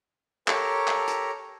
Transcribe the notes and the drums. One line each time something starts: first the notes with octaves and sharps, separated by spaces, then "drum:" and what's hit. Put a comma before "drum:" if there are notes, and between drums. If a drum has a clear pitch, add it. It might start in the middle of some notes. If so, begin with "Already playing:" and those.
G4 A4 A#4 C#5 A#5, drum: clap
drum: clap
drum: hi-hat